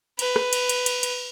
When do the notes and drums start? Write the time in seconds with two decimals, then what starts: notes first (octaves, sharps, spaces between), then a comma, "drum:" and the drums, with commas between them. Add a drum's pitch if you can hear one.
0.19 B4, drum: cymbal
0.36 drum: rim click
0.53 drum: cymbal
0.69 drum: cymbal
0.86 drum: cymbal
1.03 drum: cymbal